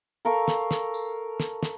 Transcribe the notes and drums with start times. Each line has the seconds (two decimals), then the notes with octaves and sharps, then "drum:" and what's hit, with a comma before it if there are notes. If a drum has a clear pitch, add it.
0.25 A4 A#4 F5 C#6
0.48 drum: snare
0.71 drum: snare
0.94 drum: tambourine
1.40 drum: snare
1.63 drum: snare